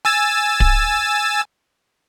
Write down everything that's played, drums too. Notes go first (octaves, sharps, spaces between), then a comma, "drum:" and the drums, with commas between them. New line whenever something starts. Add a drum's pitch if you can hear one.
G#5 E6 A6
drum: kick D1